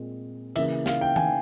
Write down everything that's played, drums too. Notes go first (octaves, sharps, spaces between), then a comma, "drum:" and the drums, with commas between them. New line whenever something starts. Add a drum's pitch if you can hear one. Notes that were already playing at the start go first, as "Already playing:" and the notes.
Already playing: A#2 G#3 C4
C#3 E3 A#3 E5, drum: cymbal
F5, drum: snare
G5
G#5, drum: tom D#3